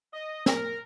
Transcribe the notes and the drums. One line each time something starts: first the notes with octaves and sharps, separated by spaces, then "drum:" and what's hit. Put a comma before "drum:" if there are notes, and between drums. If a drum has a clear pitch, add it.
D#5
A#4, drum: snare